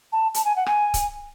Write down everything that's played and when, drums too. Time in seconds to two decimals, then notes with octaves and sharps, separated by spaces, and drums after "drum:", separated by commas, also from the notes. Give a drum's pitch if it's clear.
0.12 A5
0.34 A5, drum: hi-hat
0.45 G#5
0.56 F#5
0.66 G#5, drum: rim click
0.94 drum: kick C#1, hi-hat